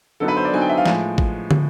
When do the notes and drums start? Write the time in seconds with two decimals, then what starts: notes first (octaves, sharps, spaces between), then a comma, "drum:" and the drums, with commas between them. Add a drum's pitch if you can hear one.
0.20 D3 F#3 B3 D#4 A4
0.28 B4
0.37 C5
0.45 D5
0.53 D3 F#3 B3 D#4 G#5
0.61 G5
0.69 E5
0.77 F5
0.86 A2 F3 G#3 G#5, drum: snare
1.18 drum: kick A1
1.51 drum: tom